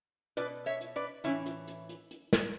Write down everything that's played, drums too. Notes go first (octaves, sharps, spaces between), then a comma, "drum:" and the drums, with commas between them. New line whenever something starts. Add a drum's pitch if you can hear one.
B2 B4 D5, drum: hi-hat
C#5 E5
drum: hi-hat
B4 D5
A2 E3 C#4 E4, drum: hi-hat
drum: hi-hat
drum: hi-hat
drum: hi-hat
drum: hi-hat
drum: snare